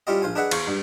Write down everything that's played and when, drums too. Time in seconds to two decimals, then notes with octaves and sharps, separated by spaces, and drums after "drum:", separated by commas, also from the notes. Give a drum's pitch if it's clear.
0.07 G3 C#4 E4 F4 G4 D#5
0.22 A#1 F4 C5 G#5
0.35 D4 G#4 B4 D#5 E5 F#5
0.51 E2 C5 F5 C#6, drum: cymbal
0.68 G2